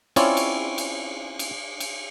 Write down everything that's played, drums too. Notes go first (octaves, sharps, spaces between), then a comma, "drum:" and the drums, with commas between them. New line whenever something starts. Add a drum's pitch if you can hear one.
C4 C#4 E4 F4 C#5 D5, drum: cymbal
drum: cymbal
drum: cymbal
drum: cymbal
drum: cymbal